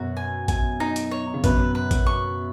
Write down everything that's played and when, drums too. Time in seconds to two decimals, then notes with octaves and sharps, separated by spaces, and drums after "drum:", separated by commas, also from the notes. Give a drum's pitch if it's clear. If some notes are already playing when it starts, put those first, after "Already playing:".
Already playing: F#2 B2 F#4
0.17 G#5
0.48 G#5, drum: kick A1, hi-hat
0.80 D#4
0.96 drum: hi-hat
1.11 C#5
1.34 C#3
1.44 F#2 B2 B4, drum: kick A1, hi-hat
1.75 B4
1.91 drum: kick A1, hi-hat
2.06 C#6